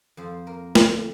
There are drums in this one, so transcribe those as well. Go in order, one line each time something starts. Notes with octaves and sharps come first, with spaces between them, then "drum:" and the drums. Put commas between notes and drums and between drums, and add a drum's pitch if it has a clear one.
F2 C5
A#3 A#4
D3, drum: snare